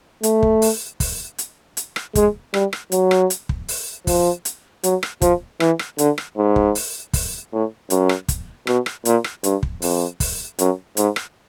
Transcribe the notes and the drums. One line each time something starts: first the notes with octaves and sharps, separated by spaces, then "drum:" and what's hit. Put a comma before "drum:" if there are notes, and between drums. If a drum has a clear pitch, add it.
A3, drum: hi-hat
drum: kick
drum: open hi-hat
drum: kick, open hi-hat
drum: hi-hat
drum: hi-hat
drum: rim click
G#3, drum: kick, hi-hat
G3, drum: rim click
drum: rim click
F#3, drum: hi-hat
drum: rim click
drum: hi-hat
drum: kick
drum: open hi-hat
F3, drum: kick, open hi-hat
drum: hi-hat
F#3, drum: hi-hat
drum: rim click
F3, drum: kick, hi-hat
E3, drum: rim click
drum: rim click
D3, drum: hi-hat
drum: rim click
G#2
drum: kick
drum: open hi-hat
drum: kick, open hi-hat
A2
F#2, drum: hi-hat
drum: rim click
drum: kick, hi-hat
B2, drum: rim click
drum: rim click
A#2, drum: hi-hat
drum: rim click
G2, drum: hi-hat
drum: kick
F2, drum: open hi-hat
drum: kick, open hi-hat
F#2, drum: hi-hat
G#2, drum: hi-hat
drum: rim click